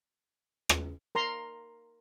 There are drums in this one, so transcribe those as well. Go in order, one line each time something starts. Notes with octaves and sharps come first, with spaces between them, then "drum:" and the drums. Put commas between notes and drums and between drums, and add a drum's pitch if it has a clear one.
drum: rim click
A#4 A#5 C6